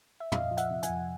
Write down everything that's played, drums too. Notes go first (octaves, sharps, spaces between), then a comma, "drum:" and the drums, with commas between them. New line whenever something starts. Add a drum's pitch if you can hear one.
E5
F2 D#5 F5, drum: tom
F3
E5 F#5, drum: hi-hat
C3
F#5 G#5, drum: hi-hat
F2